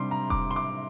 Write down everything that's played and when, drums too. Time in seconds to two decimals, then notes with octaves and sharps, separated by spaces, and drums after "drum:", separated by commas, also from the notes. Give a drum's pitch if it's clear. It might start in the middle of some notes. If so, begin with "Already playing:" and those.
Already playing: C3 G3 D4 C6 D6
0.11 A#5
0.30 D6, drum: kick E1
0.51 C6
0.56 D6